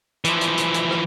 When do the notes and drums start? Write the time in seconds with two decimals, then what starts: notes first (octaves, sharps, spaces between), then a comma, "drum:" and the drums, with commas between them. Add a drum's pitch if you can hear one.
0.25 E3 F3, drum: hi-hat
0.41 drum: hi-hat
0.58 drum: hi-hat
0.74 drum: hi-hat
0.91 drum: rim click